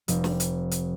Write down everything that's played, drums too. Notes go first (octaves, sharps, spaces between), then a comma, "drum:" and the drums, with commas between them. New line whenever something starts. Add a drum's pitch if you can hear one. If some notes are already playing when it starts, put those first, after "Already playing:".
F1, drum: hi-hat
drum: snare
drum: hi-hat
drum: hi-hat